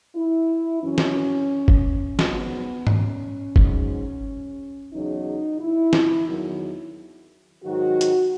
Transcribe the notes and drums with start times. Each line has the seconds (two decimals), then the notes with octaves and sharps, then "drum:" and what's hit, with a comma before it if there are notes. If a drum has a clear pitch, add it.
0.15 E4
0.83 F#2 E3 C#4
0.98 drum: snare
1.68 drum: kick F#1
2.19 G#2 F#3 B3, drum: snare
2.87 C#4, drum: tom
3.56 G#2 F#3, drum: kick F#1
4.91 E2 C#3 F#3 D#4
5.60 E4
5.93 drum: snare
6.27 E2 D#3 F#3
7.63 G#2 D#3 F#3 F#4
8.01 drum: hi-hat